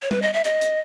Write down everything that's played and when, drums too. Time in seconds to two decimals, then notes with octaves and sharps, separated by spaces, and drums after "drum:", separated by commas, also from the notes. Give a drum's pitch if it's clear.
0.02 C#5
0.11 B4, drum: tom G3
0.22 D#5
0.33 E5
0.44 D#5, drum: hi-hat
0.61 drum: hi-hat